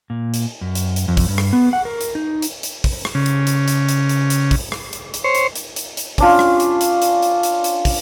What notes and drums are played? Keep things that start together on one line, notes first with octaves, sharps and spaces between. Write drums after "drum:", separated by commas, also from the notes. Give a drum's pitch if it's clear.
A#2
drum: hi-hat
F#2
drum: hi-hat
drum: hi-hat
F2
drum: kick, open hi-hat
G2
drum: rim click
B3
F#5
A#4
drum: hi-hat
D#4
drum: hi-hat
drum: hi-hat
drum: kick, open hi-hat
drum: rim click
C#3
drum: hi-hat
drum: hi-hat
drum: hi-hat
drum: hi-hat
drum: hi-hat
drum: hi-hat
drum: kick, open hi-hat
drum: rim click
drum: hi-hat
drum: hi-hat
C5 C#5
drum: hi-hat
drum: hi-hat
drum: hi-hat
drum: hi-hat
C#4 D4 F4, drum: kick, open hi-hat
drum: rim click
drum: hi-hat
drum: hi-hat
drum: hi-hat
drum: hi-hat
drum: hi-hat
drum: hi-hat
drum: kick, open hi-hat